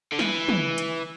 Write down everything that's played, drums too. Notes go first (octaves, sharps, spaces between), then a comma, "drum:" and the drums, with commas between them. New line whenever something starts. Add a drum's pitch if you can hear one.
D3
E3, drum: snare
drum: tom
drum: hi-hat